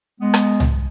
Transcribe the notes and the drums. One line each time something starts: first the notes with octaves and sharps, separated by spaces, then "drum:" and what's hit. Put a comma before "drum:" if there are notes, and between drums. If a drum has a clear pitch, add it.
G#3 B3
drum: rim click
drum: tom C2